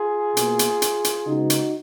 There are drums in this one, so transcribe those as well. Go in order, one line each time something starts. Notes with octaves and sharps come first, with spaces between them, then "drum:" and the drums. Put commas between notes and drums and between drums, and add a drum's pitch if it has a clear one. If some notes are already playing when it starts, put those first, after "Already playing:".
Already playing: F4 G#4
B2 A#3, drum: hi-hat
drum: hi-hat
drum: hi-hat
drum: hi-hat
C#3 G#3 B3 D#4 F#4
drum: hi-hat